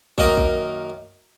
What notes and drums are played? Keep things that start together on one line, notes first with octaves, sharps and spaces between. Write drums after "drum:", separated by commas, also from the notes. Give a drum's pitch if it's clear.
F#2 D#3 A#3 D#4 D#5, drum: kick
drum: kick